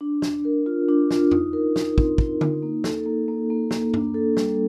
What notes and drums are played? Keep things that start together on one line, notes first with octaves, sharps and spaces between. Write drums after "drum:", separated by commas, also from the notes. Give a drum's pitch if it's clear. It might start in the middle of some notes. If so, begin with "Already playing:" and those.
D4
D4, drum: snare
A#4
F4
D4
F4, drum: snare
D#4, drum: tom F2
A#4
D#4, drum: snare
C4, drum: kick
D#4, drum: kick
D#4, drum: tom D3
A#3
A4, drum: snare
A#3
A#3
A#3
A#3, drum: snare
D4, drum: tom G2
A4
G3, drum: snare